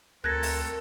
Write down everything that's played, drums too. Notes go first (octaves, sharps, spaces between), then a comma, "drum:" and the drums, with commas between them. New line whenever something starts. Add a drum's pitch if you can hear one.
D2 C4 A4 A#4 F#6 G#6 A#6
drum: open hi-hat